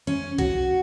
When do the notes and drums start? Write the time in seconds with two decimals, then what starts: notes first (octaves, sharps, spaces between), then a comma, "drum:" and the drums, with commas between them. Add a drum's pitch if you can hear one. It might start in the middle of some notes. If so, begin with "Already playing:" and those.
0.07 C#4
0.38 F#4, drum: kick B1